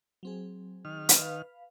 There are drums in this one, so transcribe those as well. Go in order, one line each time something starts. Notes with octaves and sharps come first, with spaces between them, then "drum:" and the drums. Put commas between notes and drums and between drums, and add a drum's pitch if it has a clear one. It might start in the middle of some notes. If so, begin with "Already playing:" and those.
F#3 C4 G#4
D#3 F6
drum: hi-hat
B4 F5